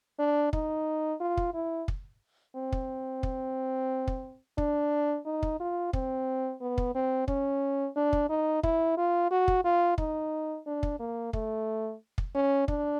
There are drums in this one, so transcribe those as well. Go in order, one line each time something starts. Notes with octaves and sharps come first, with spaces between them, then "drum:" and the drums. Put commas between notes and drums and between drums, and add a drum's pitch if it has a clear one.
D4
D#4, drum: kick
F4
drum: kick
E4
drum: kick
C4
drum: kick
drum: kick
drum: kick
D4, drum: kick
D#4
drum: kick
F4
C4, drum: kick
B3
drum: kick
C4
C#4, drum: kick
D4
drum: kick
D#4
E4, drum: kick
F4
F#4
drum: kick
F4
D#4, drum: kick
D4
drum: kick
A#3
A3, drum: kick
drum: kick
C#4
D4, drum: kick